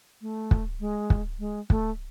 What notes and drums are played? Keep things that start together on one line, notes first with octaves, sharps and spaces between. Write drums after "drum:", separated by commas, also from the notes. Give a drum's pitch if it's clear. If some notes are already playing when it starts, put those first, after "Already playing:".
A3
drum: kick
G#3
drum: kick
G#3
A3, drum: kick